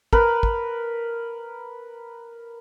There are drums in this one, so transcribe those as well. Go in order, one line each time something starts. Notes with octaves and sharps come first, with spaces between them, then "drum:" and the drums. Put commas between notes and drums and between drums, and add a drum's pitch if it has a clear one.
A#4 B4, drum: kick
drum: kick